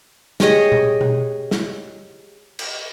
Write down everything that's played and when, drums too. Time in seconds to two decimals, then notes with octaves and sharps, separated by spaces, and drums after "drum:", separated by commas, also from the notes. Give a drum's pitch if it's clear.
0.40 G4 G#4 C#5 D#5, drum: snare
0.72 drum: tom A#2
1.01 drum: tom B2
1.51 drum: snare
2.59 drum: cymbal